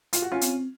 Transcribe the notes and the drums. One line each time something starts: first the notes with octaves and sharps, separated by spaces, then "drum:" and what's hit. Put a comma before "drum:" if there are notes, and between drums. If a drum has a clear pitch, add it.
F4, drum: hi-hat
F#4
C#4 F4
C4, drum: hi-hat